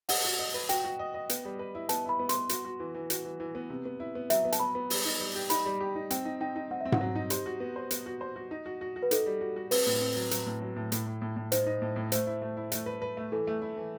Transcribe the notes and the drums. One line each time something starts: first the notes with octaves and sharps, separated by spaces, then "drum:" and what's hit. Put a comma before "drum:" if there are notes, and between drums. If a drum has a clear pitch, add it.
D#5 F#5, drum: open hi-hat
F#4
D#5
B4
F#4 G5, drum: hi-hat
F#4
D#5
D#5
B3, drum: hi-hat
G3
B4
E4
B3 A5, drum: hi-hat
E4 B5
B3
C6, drum: hi-hat
B3
F#4, drum: hi-hat
F#4
E3
E3
F#4, drum: hi-hat
E3
E3
B3
C3
B3
E4
B3
F#3 E5, drum: hi-hat
B3
A5, drum: hi-hat
B3 B5
B3
G3, drum: open hi-hat
D#4
G3
G4
D#4 B5, drum: hi-hat
G3
G4
D#4
C4 G5, drum: hi-hat
D#4
D#4 G5
D#4
C4 F#5
C4 E5
F#5, drum: tom G#2
F#3
D#4
G4 C5, drum: hi-hat
F#4
B3
C5
B3, drum: hi-hat
F#4
C5
F#4
D#4
F#4
F#4
F#4
B4
D#4 A4, drum: hi-hat
G3
F#4
F#4
C4 B4, drum: open hi-hat
A2
C4
F#3
F#3, drum: hi-hat
A2
F#3
A2
A2, drum: hi-hat
A2
A2
A2
D#4 C5, drum: hi-hat
D#4
A2
A2
A3 C5, drum: hi-hat
E4
A3
E4
A3, drum: hi-hat
B4
B4
A3
E3 A4
A3
E4
E3